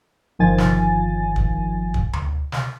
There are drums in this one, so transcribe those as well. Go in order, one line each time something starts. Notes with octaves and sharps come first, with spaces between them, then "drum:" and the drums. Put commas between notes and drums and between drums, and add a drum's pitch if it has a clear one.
G1 D#3 F3 G#5 A6
drum: snare
drum: kick
drum: kick
drum: tom D2
drum: snare